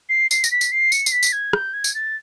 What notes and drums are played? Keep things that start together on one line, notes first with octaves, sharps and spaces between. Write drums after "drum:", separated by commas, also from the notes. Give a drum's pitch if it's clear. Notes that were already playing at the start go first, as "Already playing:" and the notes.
C7
C7, drum: tambourine
A#6, drum: tambourine
B6
drum: tambourine
C7
C#7, drum: tambourine
C7, drum: tambourine
B6
drum: tambourine
G#6
G6, drum: rim click
G#6
drum: tambourine
A6